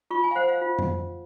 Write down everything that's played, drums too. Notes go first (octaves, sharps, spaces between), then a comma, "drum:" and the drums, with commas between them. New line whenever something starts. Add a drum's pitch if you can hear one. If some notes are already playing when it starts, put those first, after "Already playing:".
F4 C#6
G#5
F5
C5 F#5
F5
F4
drum: tom F2